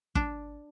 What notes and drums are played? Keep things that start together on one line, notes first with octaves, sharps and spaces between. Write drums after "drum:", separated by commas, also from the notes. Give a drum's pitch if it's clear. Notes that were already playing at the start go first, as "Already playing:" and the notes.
D4, drum: kick